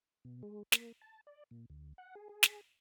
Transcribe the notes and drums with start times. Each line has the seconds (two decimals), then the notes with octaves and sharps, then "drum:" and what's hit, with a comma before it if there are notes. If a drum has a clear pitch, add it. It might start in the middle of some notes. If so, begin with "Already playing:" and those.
0.25 B2
0.43 G#3
0.72 A#3, drum: snare
1.02 A5
1.27 D5
1.51 A#2
1.70 D2
1.98 F#5
2.15 G#4
2.29 G#4
2.43 drum: snare